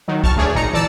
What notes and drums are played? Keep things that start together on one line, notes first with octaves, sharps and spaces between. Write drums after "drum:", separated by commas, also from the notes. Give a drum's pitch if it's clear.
D#3 F#3
A5 C#6 F6, drum: kick
D2 A3 G#4 C#5 D5
G#1 D2 A#2 D#4 A#5 C#7
E3 D5 A5 E6